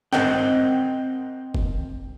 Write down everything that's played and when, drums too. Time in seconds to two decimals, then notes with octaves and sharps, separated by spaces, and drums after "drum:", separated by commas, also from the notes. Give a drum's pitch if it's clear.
0.13 C4 A#4 D#5 F#5 G5, drum: snare
1.55 drum: kick